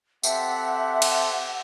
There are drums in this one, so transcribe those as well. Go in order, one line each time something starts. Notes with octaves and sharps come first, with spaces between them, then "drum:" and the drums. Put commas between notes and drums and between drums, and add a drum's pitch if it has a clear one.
C4 G4 A4 E5 F#5, drum: tambourine
drum: cymbal